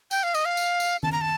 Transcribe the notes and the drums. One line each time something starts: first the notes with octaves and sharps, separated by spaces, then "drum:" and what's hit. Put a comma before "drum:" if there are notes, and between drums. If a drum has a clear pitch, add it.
G5, drum: tambourine
F5
D#5, drum: tambourine
F5
drum: tambourine
drum: tambourine
A5, drum: tom D#3
A#5
A5